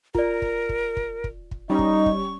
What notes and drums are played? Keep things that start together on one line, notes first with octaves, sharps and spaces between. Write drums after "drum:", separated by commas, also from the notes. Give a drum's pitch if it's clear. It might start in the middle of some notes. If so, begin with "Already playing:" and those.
F4 A#4 D5, drum: kick
drum: kick
drum: kick
drum: kick
drum: kick
drum: kick
G3 C#4 D#4 C#6
drum: kick
drum: kick